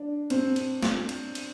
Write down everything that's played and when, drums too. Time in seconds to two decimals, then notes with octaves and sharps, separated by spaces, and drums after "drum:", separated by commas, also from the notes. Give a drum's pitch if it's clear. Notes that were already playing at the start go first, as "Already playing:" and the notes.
Already playing: D4
0.30 C4, drum: cymbal
0.56 drum: cymbal
0.83 drum: snare
1.09 drum: cymbal
1.35 drum: cymbal